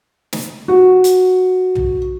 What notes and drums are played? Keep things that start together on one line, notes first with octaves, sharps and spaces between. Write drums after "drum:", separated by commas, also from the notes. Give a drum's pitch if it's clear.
drum: snare
F#4
drum: hi-hat
drum: tom